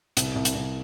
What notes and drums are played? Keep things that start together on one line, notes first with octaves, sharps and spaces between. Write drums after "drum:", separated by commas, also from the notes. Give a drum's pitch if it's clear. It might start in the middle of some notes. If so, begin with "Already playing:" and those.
C2, drum: hi-hat
C2
drum: hi-hat
C2